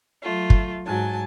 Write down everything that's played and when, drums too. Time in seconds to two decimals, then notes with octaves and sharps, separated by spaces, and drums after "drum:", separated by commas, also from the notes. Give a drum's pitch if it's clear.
0.22 F#3 A3 F4
0.50 drum: kick
0.85 G#2 F#3 G#5 A5